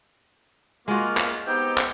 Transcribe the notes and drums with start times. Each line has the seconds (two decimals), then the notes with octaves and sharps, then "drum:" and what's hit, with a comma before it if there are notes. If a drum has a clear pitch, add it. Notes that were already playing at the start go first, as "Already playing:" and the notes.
0.88 G#3 A#3 F4 F#4
1.17 drum: clap
1.48 B3 C4 D#4 G4
1.78 drum: clap